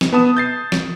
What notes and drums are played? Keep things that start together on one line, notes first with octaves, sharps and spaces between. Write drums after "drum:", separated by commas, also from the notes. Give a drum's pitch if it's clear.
drum: snare
B3 A5 D#6 E7
G6 A6 C7
drum: snare